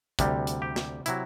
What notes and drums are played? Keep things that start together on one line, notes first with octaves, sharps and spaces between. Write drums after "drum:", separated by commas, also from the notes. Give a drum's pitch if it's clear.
D2 C3 G3, drum: kick, hi-hat
drum: hi-hat
G4
drum: snare
C3 F#3 E4, drum: hi-hat